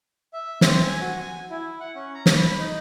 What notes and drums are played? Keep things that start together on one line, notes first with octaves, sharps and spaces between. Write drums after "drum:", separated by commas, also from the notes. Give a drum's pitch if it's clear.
E5
C4, drum: snare
G#5
F#4
G#5
E4
F#5
C#4
A#5
drum: snare
B5
D#4